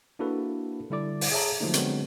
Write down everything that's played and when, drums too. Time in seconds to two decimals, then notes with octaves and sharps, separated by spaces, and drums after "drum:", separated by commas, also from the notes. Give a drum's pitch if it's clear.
0.19 A#3 D4 E4 F#4 A4 B4
0.90 D3 G3 E4 A4 D5 D6
1.21 drum: open hi-hat
1.32 G#4 C#5 E5 A5 A#5
1.60 D3 F3 F#3 A3 A#3 D#4
1.74 D3 F#3 G#3 B3 C4, drum: hi-hat